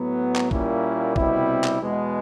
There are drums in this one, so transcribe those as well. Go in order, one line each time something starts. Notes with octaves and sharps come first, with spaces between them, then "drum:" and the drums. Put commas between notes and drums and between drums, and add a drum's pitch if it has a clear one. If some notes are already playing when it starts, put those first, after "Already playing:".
Already playing: A2 F#3 B3
drum: clap
A#2 G3 A#3 C#4 E4, drum: kick
C2 B2 G3 C4 E4, drum: kick
drum: clap
E2 B2 G#3 B3